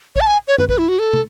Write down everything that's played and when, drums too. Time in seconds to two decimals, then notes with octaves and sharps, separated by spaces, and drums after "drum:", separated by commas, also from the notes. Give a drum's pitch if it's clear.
0.16 C#5, drum: kick A1
0.21 A5
0.27 G#5
0.48 C#5
0.58 B4, drum: tom
0.69 B4, drum: kick A1
0.78 E4
0.88 F#4
0.99 A4
1.13 drum: tom